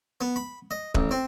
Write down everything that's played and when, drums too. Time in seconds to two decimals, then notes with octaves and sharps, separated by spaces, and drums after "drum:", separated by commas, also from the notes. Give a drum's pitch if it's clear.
0.21 B3
0.36 B5
0.71 D#5
0.95 A1, drum: kick
1.11 C4